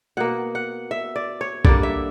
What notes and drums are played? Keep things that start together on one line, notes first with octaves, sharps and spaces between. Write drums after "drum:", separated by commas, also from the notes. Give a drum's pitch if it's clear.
B2 A#3 F#5
F#5
E5
D5
C#5
D3 G3 A#3 D5, drum: kick
E5